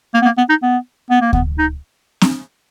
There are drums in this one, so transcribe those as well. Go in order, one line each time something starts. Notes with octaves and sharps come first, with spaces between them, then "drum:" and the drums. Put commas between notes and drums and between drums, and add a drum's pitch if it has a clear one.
A#3
B3
A#3
B3
D#4
B3
B3
A#3
B3, drum: kick D2
D#4
drum: snare C4